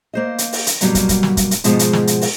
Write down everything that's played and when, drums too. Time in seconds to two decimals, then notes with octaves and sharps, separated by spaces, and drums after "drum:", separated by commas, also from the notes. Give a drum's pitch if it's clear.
0.14 A#3 C5 D#5
0.38 drum: hi-hat
0.53 drum: open hi-hat
0.67 drum: hi-hat
0.81 G2 B2 F#3 G3 A#3, drum: hi-hat
0.95 drum: kick, hi-hat
1.09 drum: kick, hi-hat
1.23 drum: snare
1.37 drum: kick, hi-hat
1.51 drum: hi-hat
1.64 G#2 B2 F3 G#3 F#4 C5, drum: hi-hat
1.79 drum: hi-hat
1.93 drum: snare
2.07 drum: hi-hat
2.21 drum: open hi-hat